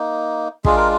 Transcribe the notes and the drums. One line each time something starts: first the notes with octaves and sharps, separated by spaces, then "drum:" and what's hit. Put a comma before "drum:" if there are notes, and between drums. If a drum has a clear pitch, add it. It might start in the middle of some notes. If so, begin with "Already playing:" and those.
Already playing: A#3 D#4
G#3 D4 F4 G#4, drum: kick
A#4